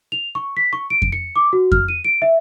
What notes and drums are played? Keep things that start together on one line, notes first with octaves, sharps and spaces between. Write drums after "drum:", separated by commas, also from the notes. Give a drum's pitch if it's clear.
F7
C#6
B6
C#6
D7
drum: kick F2
C#7
D6
F#4
F6, drum: kick F2
D#7
D7
E5